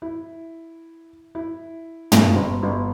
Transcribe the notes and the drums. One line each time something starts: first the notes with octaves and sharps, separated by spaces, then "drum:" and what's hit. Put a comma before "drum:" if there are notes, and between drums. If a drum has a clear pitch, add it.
E4
E4
B2, drum: tom
G1
G1